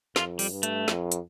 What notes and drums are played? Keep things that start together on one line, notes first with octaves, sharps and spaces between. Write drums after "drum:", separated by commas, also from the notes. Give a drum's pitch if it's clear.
F2 F4, drum: snare
G3, drum: open hi-hat
G2
A3, drum: hi-hat
F2, drum: snare
drum: hi-hat